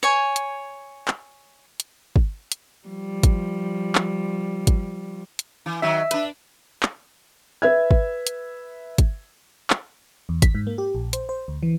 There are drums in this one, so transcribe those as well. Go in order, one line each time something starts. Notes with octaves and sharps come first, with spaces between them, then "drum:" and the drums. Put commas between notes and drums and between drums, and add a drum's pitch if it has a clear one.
C#5 G#5
drum: hi-hat
drum: clap
drum: hi-hat
drum: kick
drum: hi-hat
F3 G3
drum: kick, hi-hat
drum: clap
drum: kick, hi-hat
drum: hi-hat
E3
D#3 F#3 E5
D4 B4, drum: hi-hat
drum: clap
B4 E5 G#6
drum: kick
drum: hi-hat
drum: kick, hi-hat
drum: clap
E2
B6, drum: kick, hi-hat
G#2
A#3
G4
A#1
C5, drum: hi-hat
C5
D2
E3